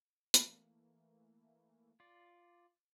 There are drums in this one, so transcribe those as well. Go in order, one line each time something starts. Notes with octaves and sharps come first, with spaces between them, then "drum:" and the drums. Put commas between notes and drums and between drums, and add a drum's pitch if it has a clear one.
E3 A3 A#3, drum: hi-hat
F4 D5